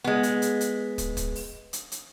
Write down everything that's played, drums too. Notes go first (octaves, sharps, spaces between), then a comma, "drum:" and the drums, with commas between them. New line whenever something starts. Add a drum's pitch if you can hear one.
G#3 B3
drum: hi-hat
drum: hi-hat
drum: hi-hat
drum: kick, hi-hat
drum: kick, hi-hat
drum: open hi-hat
drum: hi-hat
drum: hi-hat